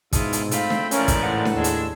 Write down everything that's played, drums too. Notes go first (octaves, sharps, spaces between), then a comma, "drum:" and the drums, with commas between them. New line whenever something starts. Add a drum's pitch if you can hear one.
G#2 B2 E4 F4 D#6, drum: kick, hi-hat
drum: hi-hat
A3 C4 F4 F5 G5 B5, drum: hi-hat
drum: snare D4
G#2 E3 F3 C#4 A#4 D5, drum: hi-hat
drum: kick, hi-hat
A2 B4 F#5
drum: snare D4
D#2 G#3 D4 E6
drum: hi-hat